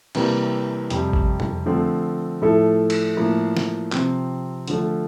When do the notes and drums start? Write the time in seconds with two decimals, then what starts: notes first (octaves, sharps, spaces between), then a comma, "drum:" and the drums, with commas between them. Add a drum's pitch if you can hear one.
0.15 C3 E3 G3 A#3, drum: cymbal
0.90 F2 C3 G3, drum: hi-hat
1.13 drum: kick G#1
1.40 drum: tom F2
1.66 D3 F3 A3 C4
2.42 A2 F3 A3 E4 A4
2.90 drum: cymbal
3.17 A2 F3 A#3 E4
3.57 drum: snare E3
3.92 C3 F3 C4, drum: clap
4.68 D3 F3 A3, drum: hi-hat